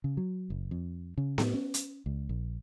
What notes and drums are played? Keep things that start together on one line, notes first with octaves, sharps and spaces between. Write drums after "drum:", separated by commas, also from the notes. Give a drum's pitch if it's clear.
C#3
F#3
F#1
F2
C#3
A2, drum: snare B3
C#4
drum: hi-hat
C#2
A#1